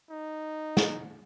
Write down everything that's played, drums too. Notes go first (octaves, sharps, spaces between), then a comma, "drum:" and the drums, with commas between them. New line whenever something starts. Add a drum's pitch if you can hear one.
D#4
drum: snare